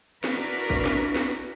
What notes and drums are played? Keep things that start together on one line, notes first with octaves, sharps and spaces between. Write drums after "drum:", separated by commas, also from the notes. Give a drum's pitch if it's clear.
D4 E4 F#4 A#4 B4, drum: snare
drum: hi-hat
drum: kick, hi-hat
drum: snare
drum: snare
drum: hi-hat